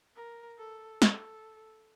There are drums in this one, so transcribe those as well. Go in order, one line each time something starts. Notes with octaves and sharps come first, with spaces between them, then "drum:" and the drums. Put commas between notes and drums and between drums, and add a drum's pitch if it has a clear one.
A#4
A4
A4, drum: snare